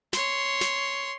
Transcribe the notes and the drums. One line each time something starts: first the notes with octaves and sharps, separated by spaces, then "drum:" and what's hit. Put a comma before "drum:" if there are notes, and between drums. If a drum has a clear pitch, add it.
C#5 C6, drum: snare
drum: snare